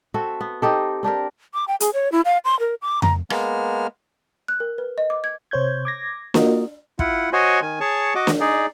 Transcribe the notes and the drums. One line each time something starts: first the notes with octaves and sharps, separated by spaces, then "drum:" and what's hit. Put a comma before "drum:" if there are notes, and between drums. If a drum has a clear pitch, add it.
C4 F#4 A4 E5
B3
C4 D#4 G4 A4
C4 D4 G4 A#4
D6
G5
G#4, drum: hi-hat
C#5
E4
F5
C6
A#4
D6
A#5, drum: tom F2
G#3 A#3 B3 F6, drum: rim click
F#6
A#4
B4
D#5
D6
G#6
C3 C5 C#5 G6 G#6
D6 G#6 A#6
A#3 F4 F#4 A#4 D#5, drum: snare
E4 F4 F#5, drum: kick
F#4 C5 C#5 D#5 G#5
D#3 G#5
G#4 C#5 A5 C#6
F#4 D#5 D6
drum: snare
D#4 G#4 D5